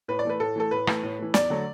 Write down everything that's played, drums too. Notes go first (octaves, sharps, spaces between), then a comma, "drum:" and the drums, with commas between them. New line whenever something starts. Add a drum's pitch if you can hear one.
A2 B4
D5
E3 A3 B4
A2 A4
E3 A3 A4
A2 B4
E3 A3, drum: rim click
A2
E3 A3
E2 D5, drum: snare
D3 F#3 A3